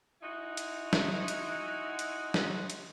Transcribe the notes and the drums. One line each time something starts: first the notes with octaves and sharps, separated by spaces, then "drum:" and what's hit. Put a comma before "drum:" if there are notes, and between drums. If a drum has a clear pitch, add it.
G#3 D#4 E4 F#4
drum: hi-hat
drum: snare
drum: hi-hat
drum: hi-hat
drum: snare
drum: hi-hat